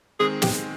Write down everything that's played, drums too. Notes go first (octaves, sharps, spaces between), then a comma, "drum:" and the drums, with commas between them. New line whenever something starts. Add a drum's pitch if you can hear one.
D#3 G#3 C4 G#4
G4, drum: snare